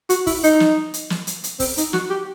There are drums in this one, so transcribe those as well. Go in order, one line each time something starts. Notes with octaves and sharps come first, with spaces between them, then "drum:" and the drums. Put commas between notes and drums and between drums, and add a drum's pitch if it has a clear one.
F#4, drum: hi-hat
E4, drum: kick, open hi-hat
D#4, drum: hi-hat
drum: snare
drum: hi-hat
drum: snare
drum: hi-hat
drum: hi-hat
C4, drum: kick, open hi-hat
D#4, drum: hi-hat
F#4, drum: snare
G4